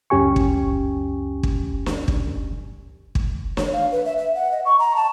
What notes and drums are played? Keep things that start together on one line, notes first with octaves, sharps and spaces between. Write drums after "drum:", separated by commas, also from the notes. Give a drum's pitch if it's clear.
C#2 F#2 C#4 G4 G#5 C#6
drum: kick
drum: kick
drum: snare
drum: kick
drum: kick
C#5, drum: snare
F5
B4
E5
E5
F#5
D#5
C#6
A#5
A5